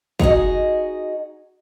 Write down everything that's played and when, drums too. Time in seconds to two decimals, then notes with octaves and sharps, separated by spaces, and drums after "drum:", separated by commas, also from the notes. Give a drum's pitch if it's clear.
0.19 D#4 F#4 G#4 D#5, drum: kick